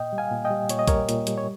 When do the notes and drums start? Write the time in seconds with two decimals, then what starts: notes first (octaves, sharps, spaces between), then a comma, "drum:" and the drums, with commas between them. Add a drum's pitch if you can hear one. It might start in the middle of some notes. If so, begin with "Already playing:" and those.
Already playing: A#2 D#5 G5
0.13 G3
0.18 F5 G#5
0.31 A#2
0.45 D#5 G5
0.50 G3
0.69 A#2 C#5, drum: hi-hat
0.79 D#5
0.88 G3 A#4 C#5, drum: kick A#1, hi-hat
1.09 A#2, drum: hi-hat
1.27 G3, drum: hi-hat
1.38 C#5